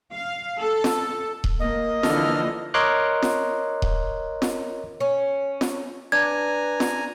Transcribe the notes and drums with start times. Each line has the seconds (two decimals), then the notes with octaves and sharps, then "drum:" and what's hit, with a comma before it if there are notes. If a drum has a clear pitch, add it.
0.14 F5
0.60 A4
0.84 drum: snare
1.44 drum: kick D#1
1.60 A#3 D#5
2.03 D3 E3 F3 A4 F6, drum: snare
2.74 A#4 C#5 D#5 C6 D6 F#6
3.23 drum: snare
3.82 drum: kick D#1
4.42 drum: snare
5.00 C#4
5.61 drum: snare
6.12 D4 B4 G#5 A#5 G#6
6.80 drum: snare